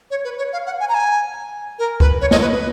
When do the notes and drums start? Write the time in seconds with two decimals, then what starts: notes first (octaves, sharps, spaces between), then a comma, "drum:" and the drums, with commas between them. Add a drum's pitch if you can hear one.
0.11 C#5
0.24 B4
0.38 C#5
0.53 F5
0.66 F#5
0.80 G#5
0.89 A#5
0.94 G#5
1.79 A#4
2.00 B4, drum: kick C#2
2.21 C#5
2.31 D#5, drum: snare
2.41 B4
2.52 B4